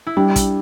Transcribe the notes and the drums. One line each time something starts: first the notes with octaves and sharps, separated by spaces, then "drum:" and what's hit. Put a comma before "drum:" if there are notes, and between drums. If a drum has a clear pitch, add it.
E4
G3 D4
drum: kick, hi-hat